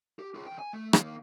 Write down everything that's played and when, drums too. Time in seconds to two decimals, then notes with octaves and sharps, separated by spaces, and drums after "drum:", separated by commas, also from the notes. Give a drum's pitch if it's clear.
0.19 G4
0.35 F4 G#4
0.46 E2 G5
0.59 G#5
0.73 A3
0.93 D#3 A#3, drum: rim click